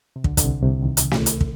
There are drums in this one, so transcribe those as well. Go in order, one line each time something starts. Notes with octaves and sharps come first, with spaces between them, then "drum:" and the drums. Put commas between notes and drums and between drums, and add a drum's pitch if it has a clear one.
C3
D2 D3, drum: kick
D3, drum: kick, hi-hat
C2 C3
C2 C3
D#3
drum: hi-hat
drum: snare
drum: hi-hat
drum: kick